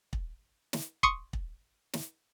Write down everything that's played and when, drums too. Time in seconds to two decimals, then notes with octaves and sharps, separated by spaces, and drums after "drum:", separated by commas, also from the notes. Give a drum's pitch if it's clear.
0.13 drum: kick
0.73 drum: snare
1.03 C6 C#6 D#6 C#7, drum: kick
1.33 drum: kick
1.93 drum: snare